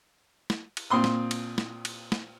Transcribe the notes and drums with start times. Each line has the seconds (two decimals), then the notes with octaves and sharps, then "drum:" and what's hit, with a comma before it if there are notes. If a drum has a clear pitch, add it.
0.50 drum: snare
0.77 drum: cymbal
0.90 A#2 C4 C6 D#6
1.04 drum: snare
1.31 drum: cymbal
1.58 drum: snare
1.85 drum: cymbal
2.12 drum: snare